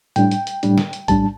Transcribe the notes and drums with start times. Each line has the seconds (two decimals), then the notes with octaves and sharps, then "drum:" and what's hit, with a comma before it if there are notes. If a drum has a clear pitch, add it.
0.16 A2 G3 D4 G5, drum: hi-hat
0.31 drum: hi-hat
0.47 drum: hi-hat
0.63 A2 G3 D4, drum: hi-hat
0.78 drum: snare
0.93 drum: hi-hat
1.08 A2 G3 D4 A5, drum: kick A#1, hi-hat